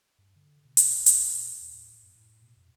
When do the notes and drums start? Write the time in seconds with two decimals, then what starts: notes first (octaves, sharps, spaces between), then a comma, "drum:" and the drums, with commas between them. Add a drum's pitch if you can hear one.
0.18 G2
0.36 D3
0.65 B2
0.77 drum: hi-hat
0.97 C2
1.06 drum: hi-hat
1.34 A#2
1.60 D#2
1.74 A2
2.03 F#2
2.15 A2
2.42 B2
2.57 F2